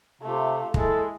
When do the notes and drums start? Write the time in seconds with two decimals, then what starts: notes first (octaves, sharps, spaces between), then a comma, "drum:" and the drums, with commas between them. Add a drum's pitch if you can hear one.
0.22 C3 A3 F4
0.74 G#3 E4 A4, drum: kick